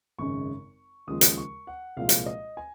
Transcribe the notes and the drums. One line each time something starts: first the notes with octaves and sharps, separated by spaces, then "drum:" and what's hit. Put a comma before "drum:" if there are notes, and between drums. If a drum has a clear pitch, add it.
G#1 F#2 C#3 G#3 C#6
D#2 C#3 F3 G#3 D#6
drum: hi-hat
C#6
F#5
C2 A#2 F3 G#3 F5
drum: hi-hat
D#5
G#5